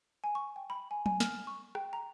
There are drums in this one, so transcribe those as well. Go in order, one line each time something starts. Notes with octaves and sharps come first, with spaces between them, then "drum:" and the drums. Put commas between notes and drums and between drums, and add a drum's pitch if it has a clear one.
G#5
C#6
G5
B5
G#5
G#5, drum: tom F#3
F6, drum: snare
C#6
G5, drum: rim click
A#5